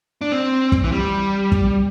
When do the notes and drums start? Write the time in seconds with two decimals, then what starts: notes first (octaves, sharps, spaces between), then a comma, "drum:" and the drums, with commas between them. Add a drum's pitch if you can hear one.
0.21 D4
0.32 C4
0.72 drum: kick
0.84 E3
0.92 G3
1.52 drum: kick